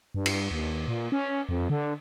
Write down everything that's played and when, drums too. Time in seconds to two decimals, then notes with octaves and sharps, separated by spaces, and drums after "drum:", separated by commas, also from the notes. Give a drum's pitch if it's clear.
0.15 G2
0.26 drum: cymbal
0.51 D#2
0.88 A#2
1.12 C#4
1.49 F2
1.70 D3